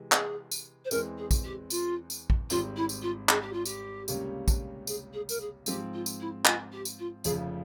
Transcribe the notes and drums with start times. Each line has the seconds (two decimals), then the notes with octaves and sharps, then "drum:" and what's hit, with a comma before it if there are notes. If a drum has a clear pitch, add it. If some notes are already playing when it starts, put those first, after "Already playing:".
Already playing: C3 E3 G#3
0.12 G#4, drum: clap
0.51 drum: tambourine
0.85 C5
0.91 E2 E3 G#3 C4 A#4, drum: tambourine
1.17 G#4
1.31 drum: kick, tambourine
1.44 G4
1.70 F4, drum: tambourine
2.10 drum: tambourine
2.30 drum: kick
2.50 G#1 G#2 G3 C4 F4, drum: tambourine
2.76 E4
2.89 drum: tambourine
3.02 F4
3.29 G#4, drum: clap
3.41 G4
3.53 F4
3.66 G4, drum: tambourine
4.08 C#2 C3 G3 A#3 C#4, drum: tambourine
4.48 drum: kick, tambourine
4.87 G#4, drum: tambourine
5.13 G#4
5.29 A#4, drum: tambourine
5.40 G#4
5.66 G#2 F3 C4 G4, drum: tambourine
5.94 F4
6.06 drum: tambourine
6.20 E4
6.45 F4, drum: clap
6.72 G4
6.85 drum: tambourine
6.99 F4
7.24 F1 F2 C#3 F3 G#4, drum: tambourine